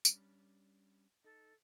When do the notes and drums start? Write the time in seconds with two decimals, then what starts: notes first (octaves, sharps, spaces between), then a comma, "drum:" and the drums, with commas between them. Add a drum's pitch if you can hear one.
0.05 G3 C#4 D4, drum: tambourine
1.24 D#4 A4